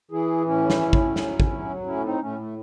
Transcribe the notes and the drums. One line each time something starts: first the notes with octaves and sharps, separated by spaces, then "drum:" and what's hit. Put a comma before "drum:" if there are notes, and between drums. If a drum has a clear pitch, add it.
E3 E4 G#4
A2 C#4 E4
drum: snare
A2
drum: kick
F#3, drum: snare
drum: kick
F#3
A2 C#4 E4
C4 D#4
A2 A3 C#4
A3